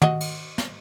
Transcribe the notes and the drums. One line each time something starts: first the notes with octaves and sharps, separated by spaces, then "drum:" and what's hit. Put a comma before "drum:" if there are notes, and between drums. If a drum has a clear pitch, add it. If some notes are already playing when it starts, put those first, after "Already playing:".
F#4 D#5, drum: tom
drum: cymbal
drum: snare